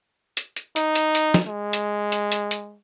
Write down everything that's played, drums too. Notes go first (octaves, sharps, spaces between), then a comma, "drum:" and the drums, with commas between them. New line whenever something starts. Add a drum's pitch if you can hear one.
drum: hi-hat
drum: hi-hat
D#4, drum: hi-hat
drum: hi-hat
drum: hi-hat
drum: snare
G#3
drum: hi-hat
drum: hi-hat
drum: hi-hat
drum: hi-hat